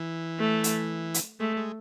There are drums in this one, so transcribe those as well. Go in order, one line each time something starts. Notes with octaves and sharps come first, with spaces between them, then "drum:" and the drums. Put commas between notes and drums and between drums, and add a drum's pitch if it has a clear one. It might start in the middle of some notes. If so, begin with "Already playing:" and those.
Already playing: E3
A3
drum: hi-hat
drum: hi-hat
G#3 A3
G#3